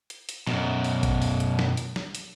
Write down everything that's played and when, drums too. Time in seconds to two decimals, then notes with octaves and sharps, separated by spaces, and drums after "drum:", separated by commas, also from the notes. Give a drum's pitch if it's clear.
0.10 drum: hi-hat
0.29 drum: hi-hat
0.47 F#2 B2, drum: snare
0.84 drum: open hi-hat
1.03 drum: kick, hi-hat
1.22 drum: open hi-hat
1.40 drum: hi-hat
1.59 drum: snare
1.77 drum: hi-hat
1.96 drum: snare
2.15 drum: hi-hat